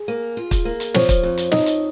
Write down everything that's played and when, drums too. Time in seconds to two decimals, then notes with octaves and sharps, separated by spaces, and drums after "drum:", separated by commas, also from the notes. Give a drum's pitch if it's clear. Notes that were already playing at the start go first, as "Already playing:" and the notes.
Already playing: G#4
0.08 A#3
0.37 F4
0.51 drum: kick, hi-hat
0.65 A#3
0.80 drum: hi-hat
0.94 F3 C#5, drum: snare
1.09 drum: kick, hi-hat
1.23 F2
1.37 drum: hi-hat
1.52 F2 D#4 D#5, drum: snare
1.66 drum: hi-hat